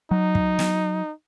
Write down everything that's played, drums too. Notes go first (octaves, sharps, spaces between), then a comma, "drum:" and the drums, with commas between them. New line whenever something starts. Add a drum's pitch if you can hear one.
F#3 D#4
drum: kick
drum: snare